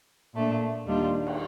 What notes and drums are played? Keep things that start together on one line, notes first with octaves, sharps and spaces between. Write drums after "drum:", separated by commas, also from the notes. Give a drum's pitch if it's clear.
A#2 A3 D4
D#2 D#3 G3 D4 F4
drum: cymbal